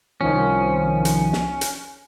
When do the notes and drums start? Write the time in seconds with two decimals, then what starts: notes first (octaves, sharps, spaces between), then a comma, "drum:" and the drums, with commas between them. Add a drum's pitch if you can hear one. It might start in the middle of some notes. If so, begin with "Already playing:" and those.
0.21 C2 D#3 F3 C#4
1.05 drum: hi-hat
1.33 drum: snare
1.61 drum: hi-hat